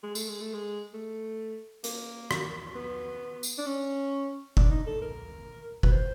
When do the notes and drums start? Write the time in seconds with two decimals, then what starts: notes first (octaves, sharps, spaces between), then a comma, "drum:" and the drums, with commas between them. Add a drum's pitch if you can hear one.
0.04 G#3
0.15 A3, drum: tambourine
0.29 G#3
0.41 A3
0.54 G#3
0.94 A3
1.84 A#3, drum: hi-hat
2.31 drum: rim click
2.75 B3
3.43 drum: tambourine
3.58 D4
3.66 C#4
4.57 D4, drum: kick F#1
4.71 D#4
4.87 A4
5.02 A#4
5.83 B4, drum: kick F#1
5.92 C5